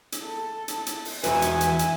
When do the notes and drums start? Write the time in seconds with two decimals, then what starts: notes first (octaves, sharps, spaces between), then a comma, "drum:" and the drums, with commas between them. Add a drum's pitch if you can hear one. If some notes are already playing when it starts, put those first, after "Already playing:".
0.12 drum: hi-hat
0.22 A4
0.68 drum: hi-hat
0.86 drum: hi-hat
1.05 drum: open hi-hat
1.24 E2 F#4 B4 E5 G#5, drum: hi-hat
1.42 drum: hi-hat
1.61 drum: hi-hat
1.79 drum: hi-hat